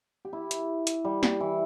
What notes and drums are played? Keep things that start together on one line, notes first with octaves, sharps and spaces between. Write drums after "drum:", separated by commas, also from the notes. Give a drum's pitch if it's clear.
G4
E4
drum: hi-hat
drum: hi-hat
G3
drum: snare
E3